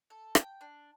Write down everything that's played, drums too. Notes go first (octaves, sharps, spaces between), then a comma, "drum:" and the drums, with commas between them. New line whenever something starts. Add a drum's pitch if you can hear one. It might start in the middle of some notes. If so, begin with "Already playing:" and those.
A4
G5, drum: rim click
D4